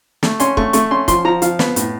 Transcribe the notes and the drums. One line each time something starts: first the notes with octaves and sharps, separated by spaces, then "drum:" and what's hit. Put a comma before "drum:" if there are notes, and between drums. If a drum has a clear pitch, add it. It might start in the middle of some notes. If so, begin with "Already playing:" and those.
A3, drum: snare
C#4 C6, drum: hi-hat
A3 C#6, drum: kick
A3 C#6, drum: hi-hat
C#4 C6
F3 C6, drum: kick, hi-hat
F3 A#5
F3 F5, drum: hi-hat
B3, drum: snare
A2, drum: hi-hat